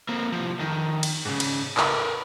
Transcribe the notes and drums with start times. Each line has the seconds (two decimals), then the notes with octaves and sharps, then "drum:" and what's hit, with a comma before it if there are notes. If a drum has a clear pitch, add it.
0.09 A#3 C4
0.32 C2 F3
0.59 F2 D#3
1.03 drum: cymbal
1.25 G#2 C#3
1.40 drum: cymbal
1.77 A#4 B4, drum: clap